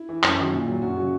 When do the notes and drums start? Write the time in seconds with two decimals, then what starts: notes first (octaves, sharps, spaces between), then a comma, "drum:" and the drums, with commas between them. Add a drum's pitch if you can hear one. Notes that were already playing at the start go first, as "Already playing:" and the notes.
Already playing: E4
0.09 E3
0.23 F#2, drum: clap
0.38 D#3 F#3
0.53 A#2
0.68 F#3
0.82 F#2 F#4
0.97 C#3 F#3